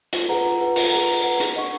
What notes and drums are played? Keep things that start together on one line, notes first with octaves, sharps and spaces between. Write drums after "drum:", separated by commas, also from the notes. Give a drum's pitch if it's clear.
F4, drum: hi-hat
G#4 B4 F#5 A#5
F4
G#4 B4 F#5 A#5
F4, drum: open hi-hat
G#4 B4 F#5 A#5
F4
G#4 B4 F#5 A#5
G#4, drum: hi-hat
D#5 F#5 C#6